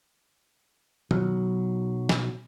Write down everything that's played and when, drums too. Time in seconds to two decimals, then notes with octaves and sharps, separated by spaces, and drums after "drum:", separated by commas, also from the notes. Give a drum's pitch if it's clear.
1.11 B1 F#3, drum: tom
2.09 drum: snare